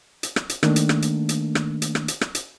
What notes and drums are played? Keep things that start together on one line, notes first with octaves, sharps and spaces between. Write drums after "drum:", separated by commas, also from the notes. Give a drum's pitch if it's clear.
drum: hi-hat
drum: rim click
drum: hi-hat
D#3 A3 A#3 D4, drum: rim click
drum: hi-hat
drum: rim click
drum: hi-hat
drum: hi-hat
drum: rim click
drum: hi-hat
drum: rim click
drum: hi-hat
drum: rim click
drum: hi-hat